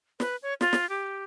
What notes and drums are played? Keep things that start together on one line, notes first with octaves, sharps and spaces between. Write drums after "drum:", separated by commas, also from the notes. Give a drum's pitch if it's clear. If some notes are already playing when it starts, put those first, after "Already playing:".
B4, drum: snare
C#5
F4, drum: snare
drum: snare
G4